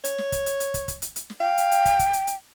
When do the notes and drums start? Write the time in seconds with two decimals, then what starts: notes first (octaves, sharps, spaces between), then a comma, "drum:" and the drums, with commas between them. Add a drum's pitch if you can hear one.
0.04 C#5, drum: hi-hat
0.18 drum: snare
0.32 drum: kick, hi-hat
0.46 drum: hi-hat
0.60 drum: hi-hat
0.74 drum: kick, hi-hat
0.88 drum: kick, hi-hat
1.02 drum: hi-hat
1.16 drum: hi-hat
1.30 drum: snare
1.40 F5 G5
1.58 drum: hi-hat
1.71 drum: hi-hat
1.85 drum: kick, hi-hat
1.99 drum: kick, hi-hat
2.13 drum: hi-hat
2.27 drum: hi-hat